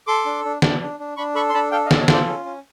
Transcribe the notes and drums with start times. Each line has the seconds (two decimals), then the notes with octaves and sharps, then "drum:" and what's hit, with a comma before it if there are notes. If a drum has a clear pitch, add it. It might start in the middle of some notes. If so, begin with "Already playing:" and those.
0.07 A4 C6 D6
0.25 D4
0.45 D4
0.62 D4, drum: snare
0.81 D4
1.00 D4
1.17 D4 B5 C#6
1.35 A4 B5 C#6
1.49 C6
1.54 D4 A5 B5
1.72 A4 F5 G5
1.86 D#5 F5
1.91 A4, drum: snare
1.99 C#5 D#5
2.08 F4, drum: snare
2.13 C5 D5
2.28 C#4
2.45 C#4